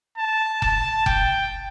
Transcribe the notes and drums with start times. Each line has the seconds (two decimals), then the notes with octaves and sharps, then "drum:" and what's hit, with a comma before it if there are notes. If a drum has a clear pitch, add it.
0.17 A5
0.62 A5, drum: kick F1
1.06 G5, drum: kick F1